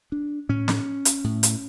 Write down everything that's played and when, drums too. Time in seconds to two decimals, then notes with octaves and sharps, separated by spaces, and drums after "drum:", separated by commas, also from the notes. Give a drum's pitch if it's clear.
0.12 D4
0.49 A2 C#4
0.68 drum: snare
1.05 drum: hi-hat
1.24 A2
1.43 drum: hi-hat